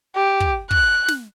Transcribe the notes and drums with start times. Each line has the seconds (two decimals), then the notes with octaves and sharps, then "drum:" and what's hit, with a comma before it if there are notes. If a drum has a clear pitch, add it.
0.16 G4
0.40 drum: kick
0.71 F#6, drum: kick
1.08 drum: snare